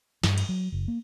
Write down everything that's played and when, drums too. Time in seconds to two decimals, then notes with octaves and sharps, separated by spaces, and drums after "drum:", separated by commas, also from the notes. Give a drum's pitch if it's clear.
0.23 G2, drum: snare
0.38 drum: cymbal
0.49 F#3
0.72 F#1
0.88 A#3